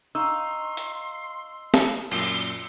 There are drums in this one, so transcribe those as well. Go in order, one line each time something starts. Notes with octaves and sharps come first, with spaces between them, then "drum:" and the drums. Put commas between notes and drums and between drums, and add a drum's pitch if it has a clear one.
D#4 F5 C6 C#6 E6
drum: hi-hat
drum: snare
F#2 A#2 E6 G7, drum: cymbal